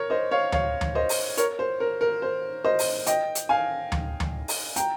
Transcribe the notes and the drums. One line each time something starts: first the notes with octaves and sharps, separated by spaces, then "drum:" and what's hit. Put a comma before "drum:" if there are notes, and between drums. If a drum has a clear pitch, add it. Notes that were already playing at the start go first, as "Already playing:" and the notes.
Already playing: A#4 C#5
C5 D#5
C#5 F5
C#5 F5, drum: tom D2
drum: tom D2
C5 D#5
drum: open hi-hat
A#4 C#5, drum: hi-hat
C5
A#4
A#4
C5
C5 D#5
drum: open hi-hat
D#5 G5, drum: hi-hat
drum: hi-hat
F5 G#5
drum: tom D2
drum: tom D2
drum: open hi-hat
G5 A#5, drum: hi-hat